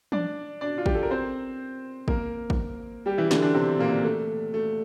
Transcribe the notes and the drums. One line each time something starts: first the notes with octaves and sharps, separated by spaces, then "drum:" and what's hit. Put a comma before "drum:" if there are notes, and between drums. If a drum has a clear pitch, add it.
D4 D5, drum: tom E3
D4 D5
F4
G4, drum: kick
A4
A#4
C4 C5
A#3 A#4, drum: kick
drum: kick
G3 G4
E3 E4
D3 D4, drum: snare
D3 D4
C3 C4
A#2 A#3
A3
A3